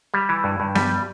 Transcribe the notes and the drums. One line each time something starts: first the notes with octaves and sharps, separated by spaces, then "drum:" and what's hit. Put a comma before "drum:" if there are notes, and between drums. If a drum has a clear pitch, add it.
G3
E3
G2
G2
G3, drum: snare B3